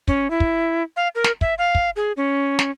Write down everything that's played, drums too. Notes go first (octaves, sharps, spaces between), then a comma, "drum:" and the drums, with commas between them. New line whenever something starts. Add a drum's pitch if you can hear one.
C#4, drum: kick
E4
drum: kick
F5
A#4
drum: snare
E5, drum: kick
F5
drum: kick
G#4
C#4
drum: snare